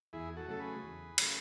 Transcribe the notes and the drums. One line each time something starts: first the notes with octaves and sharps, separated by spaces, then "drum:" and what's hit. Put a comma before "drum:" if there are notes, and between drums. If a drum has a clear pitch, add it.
E2 E4 G#4
F#4 A4
C#3 F#3 A3 A4
G#4 B4
E2
C#3 F#3 A3, drum: cymbal